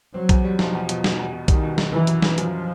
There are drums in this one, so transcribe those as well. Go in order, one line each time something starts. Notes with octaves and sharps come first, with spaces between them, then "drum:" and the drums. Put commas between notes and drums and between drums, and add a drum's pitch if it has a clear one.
F#3 C4
E2, drum: kick B1, hi-hat
G3
B2 F3, drum: snare
E2
B2, drum: hi-hat
B2, drum: snare
E2
B2
D#3 G3, drum: kick B1, hi-hat
B2
B2, drum: snare
F#2 E3
F#3, drum: hi-hat
F#2, drum: snare
F#2 F3, drum: hi-hat